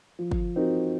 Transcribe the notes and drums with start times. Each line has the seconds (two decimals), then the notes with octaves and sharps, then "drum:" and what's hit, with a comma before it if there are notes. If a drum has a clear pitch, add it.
0.19 F3
0.31 drum: kick G1
0.56 C4 D#4 F#4 A#4